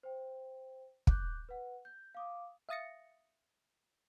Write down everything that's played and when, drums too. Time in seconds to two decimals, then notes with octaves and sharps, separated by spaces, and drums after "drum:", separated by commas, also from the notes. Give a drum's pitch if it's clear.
0.03 C5 G5
1.07 D6 F#6 G6, drum: kick
1.49 B4 F#5
1.85 G6
2.15 F5 D6 D#6
2.69 E5 F5 D#6 A6 A#6 C#7